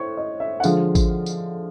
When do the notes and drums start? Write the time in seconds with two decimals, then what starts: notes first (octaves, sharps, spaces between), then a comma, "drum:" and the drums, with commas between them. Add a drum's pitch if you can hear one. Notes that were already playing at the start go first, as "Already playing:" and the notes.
Already playing: A2 C5 C#5
0.17 D#5
0.40 E5
0.60 F#5
0.64 D3 F3 G#3 F5, drum: tambourine
0.95 drum: kick G#1, tambourine
1.26 drum: tambourine